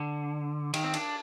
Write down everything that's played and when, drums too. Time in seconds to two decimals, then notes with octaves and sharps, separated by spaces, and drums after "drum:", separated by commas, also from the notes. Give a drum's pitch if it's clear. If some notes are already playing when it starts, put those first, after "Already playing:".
Already playing: D3
0.74 D#3, drum: cymbal
0.84 C4
0.94 D4, drum: cymbal